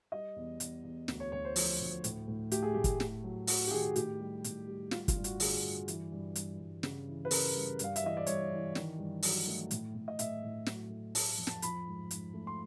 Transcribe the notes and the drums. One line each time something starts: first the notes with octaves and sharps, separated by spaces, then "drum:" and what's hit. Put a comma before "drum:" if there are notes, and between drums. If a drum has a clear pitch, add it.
G3 D#5
E2
E2, drum: hi-hat
E2
D2, drum: snare
C#5
D2 C#5
C5
F3, drum: open hi-hat
D2
A2, drum: hi-hat
A2
A3 G4, drum: hi-hat
G#4
A2 G4
drum: kick, hi-hat
A3, drum: snare
F#3
F#3 F#4, drum: open hi-hat
G4
D#3 G#4
A2 G4, drum: hi-hat
G3
A2, drum: hi-hat
G3
G3 F4, drum: snare
F4, drum: kick, hi-hat
G2
F#4, drum: hi-hat
D3 G#4, drum: open hi-hat
G2
E3, drum: hi-hat
G2
G2, drum: hi-hat
G2
C#3, drum: snare
E3
B4
C#3 A#4, drum: open hi-hat
G3
G2 F5, drum: hi-hat
E5, drum: hi-hat
E3 D#5
D5
G2 C#5, drum: hi-hat
E3
D#3, drum: snare
G2
F#3, drum: open hi-hat
A3
A2, drum: hi-hat
A2
D#5
A2 E5, drum: hi-hat
A2
F#3, drum: snare
A3
A3 A5, drum: open hi-hat
F2
A5, drum: snare
F3 B5, drum: hi-hat
G#2
G#2, drum: hi-hat
A3
C6